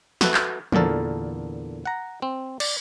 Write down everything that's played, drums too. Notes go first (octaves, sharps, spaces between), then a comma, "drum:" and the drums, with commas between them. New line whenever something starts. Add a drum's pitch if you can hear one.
F#4 A4 B4 E5, drum: snare
drum: clap
E2 A#2 D3 A4 A#4, drum: tom E3
F#5 A#5
C4
D5, drum: cymbal